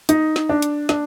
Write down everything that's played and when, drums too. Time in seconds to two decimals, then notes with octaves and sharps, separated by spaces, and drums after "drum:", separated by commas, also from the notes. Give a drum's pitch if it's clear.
0.09 D#4, drum: hi-hat
0.36 drum: snare
0.49 D4
0.62 drum: hi-hat
0.89 D4, drum: snare